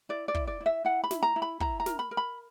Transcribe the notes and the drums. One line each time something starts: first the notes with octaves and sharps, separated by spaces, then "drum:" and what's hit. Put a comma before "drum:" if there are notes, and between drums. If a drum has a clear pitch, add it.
E4 D5
D5
E4, drum: kick
D5
E4
E5
E4 F#5
B5
E4, drum: snare
A#5
E4
B5
E4 A#5, drum: kick
A#5
A#4, drum: snare
B5
A#4
B5